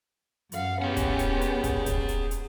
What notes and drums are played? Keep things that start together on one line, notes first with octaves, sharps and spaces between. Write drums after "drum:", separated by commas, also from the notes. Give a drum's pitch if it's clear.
F#2 F5 F#5, drum: hi-hat
B3 C#4 G4 G#4 F#5
drum: kick, hi-hat
drum: hi-hat
drum: hi-hat
drum: kick, hi-hat
drum: kick, hi-hat
drum: hi-hat
drum: hi-hat